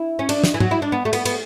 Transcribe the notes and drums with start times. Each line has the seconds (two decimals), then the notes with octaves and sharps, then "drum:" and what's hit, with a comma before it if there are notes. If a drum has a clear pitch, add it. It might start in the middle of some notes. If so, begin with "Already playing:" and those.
Already playing: E4
0.19 C#4
0.29 D4, drum: cymbal
0.44 drum: snare
0.54 E3
0.60 F#3, drum: tom G#2
0.71 E4
0.82 D4
0.92 B3
1.05 A3
1.13 B3, drum: cymbal
1.25 B3, drum: cymbal